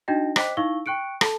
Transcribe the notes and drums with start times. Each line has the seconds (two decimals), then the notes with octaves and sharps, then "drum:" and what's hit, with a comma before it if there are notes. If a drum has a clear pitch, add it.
0.08 D4 D#4 F#4 D#5 G5 A#6
0.36 C5 D#5 G5 D6 F#6 B6, drum: rim click
0.57 D#4 E4 F5 C#6 E6 G7
0.86 G5 C#6 F#6 C#7 D7
1.21 A4 A5, drum: rim click